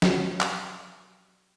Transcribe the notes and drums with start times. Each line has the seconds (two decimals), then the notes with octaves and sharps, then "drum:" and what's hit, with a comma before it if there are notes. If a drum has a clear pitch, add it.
0.02 F#3 G4, drum: snare
0.40 drum: clap